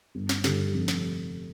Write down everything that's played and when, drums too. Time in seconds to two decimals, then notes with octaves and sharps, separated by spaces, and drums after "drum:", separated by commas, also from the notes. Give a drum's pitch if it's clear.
0.15 G1
0.29 drum: snare
0.44 G2 D3, drum: snare
0.74 F1
0.88 drum: snare